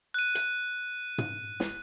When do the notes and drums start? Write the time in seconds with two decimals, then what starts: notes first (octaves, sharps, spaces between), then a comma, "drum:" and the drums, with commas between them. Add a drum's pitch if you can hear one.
0.14 F#6 D#7
0.35 drum: hi-hat
1.18 drum: tom
1.60 drum: snare